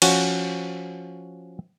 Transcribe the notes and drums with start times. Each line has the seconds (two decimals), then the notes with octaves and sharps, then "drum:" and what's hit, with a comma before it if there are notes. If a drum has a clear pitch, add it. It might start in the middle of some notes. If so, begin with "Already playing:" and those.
0.02 F3 C#4 F#4, drum: cymbal